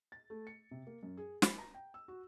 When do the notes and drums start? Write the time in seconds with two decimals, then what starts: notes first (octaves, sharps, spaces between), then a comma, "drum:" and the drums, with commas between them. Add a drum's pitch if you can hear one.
0.12 A6
0.30 A3
0.47 C#7
0.71 C3
0.87 A#3
1.03 F#2
1.17 G#4
1.42 B5, drum: snare
1.58 A#5
1.74 G5
1.94 E6
2.08 F#4